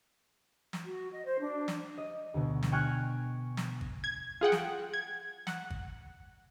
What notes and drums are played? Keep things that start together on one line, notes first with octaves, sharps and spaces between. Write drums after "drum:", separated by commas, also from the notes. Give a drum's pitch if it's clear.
drum: snare
F#4
D#5
C5
D4
drum: snare
D#5
D2 B2
drum: snare
G5 G#5 C#6 F6 F#6 G#6
drum: snare
drum: kick G#1
G#6
F4 G#4 F#5 G5
drum: snare
G#6
F#5, drum: snare
drum: kick G#1